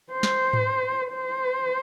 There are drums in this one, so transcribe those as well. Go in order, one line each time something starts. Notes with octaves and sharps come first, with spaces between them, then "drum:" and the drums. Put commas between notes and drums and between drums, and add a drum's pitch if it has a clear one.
C5
drum: snare
drum: tom G#2
C5